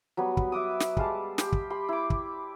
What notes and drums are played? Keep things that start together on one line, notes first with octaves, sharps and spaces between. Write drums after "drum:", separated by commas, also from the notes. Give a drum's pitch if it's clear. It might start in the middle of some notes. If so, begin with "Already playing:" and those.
F#3 G3 B3
drum: kick
E5 F#5 D6 D#6
drum: snare
G3 G#3 F5 A5, drum: kick
G4 C6, drum: snare
drum: kick
G4 B5 C6
E4 D6
drum: kick